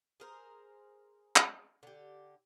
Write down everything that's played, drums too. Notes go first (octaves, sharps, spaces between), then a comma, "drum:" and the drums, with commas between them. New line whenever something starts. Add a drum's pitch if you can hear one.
G#4 A#4 C5
drum: clap
D3 G4